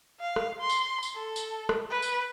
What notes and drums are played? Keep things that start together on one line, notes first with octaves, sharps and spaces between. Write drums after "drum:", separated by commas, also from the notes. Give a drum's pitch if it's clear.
F5
drum: rim click
C6
drum: tambourine
drum: tambourine
A4
drum: tambourine
drum: rim click
B4
drum: tambourine